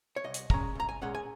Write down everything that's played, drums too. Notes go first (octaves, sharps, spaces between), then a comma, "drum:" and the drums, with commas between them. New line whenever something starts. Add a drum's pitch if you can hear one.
C#5
C2 D#5
drum: hi-hat
A#2 G#3 C#4 A#5, drum: kick
C2 A#5
G#5
A#2 G#3 C#4 F#5
G#5